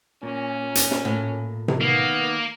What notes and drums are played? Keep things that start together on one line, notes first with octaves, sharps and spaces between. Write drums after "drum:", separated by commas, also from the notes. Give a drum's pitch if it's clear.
A#2 C#4
drum: hi-hat
drum: snare
A2
drum: tom C3
D#3 A#3 B3